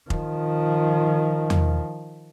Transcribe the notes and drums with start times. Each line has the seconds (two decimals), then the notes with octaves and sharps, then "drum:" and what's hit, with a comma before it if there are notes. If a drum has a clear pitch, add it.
0.10 D#3 F3, drum: kick F1
1.50 drum: tom E2